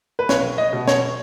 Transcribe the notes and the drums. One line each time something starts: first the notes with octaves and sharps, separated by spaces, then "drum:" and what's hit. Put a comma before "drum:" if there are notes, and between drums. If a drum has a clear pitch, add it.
B4
B1 C#5, drum: snare
D#5
B2
C#5, drum: snare